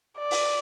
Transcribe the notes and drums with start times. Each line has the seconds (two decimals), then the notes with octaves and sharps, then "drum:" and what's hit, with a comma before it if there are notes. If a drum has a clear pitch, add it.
0.18 D5
0.31 drum: open hi-hat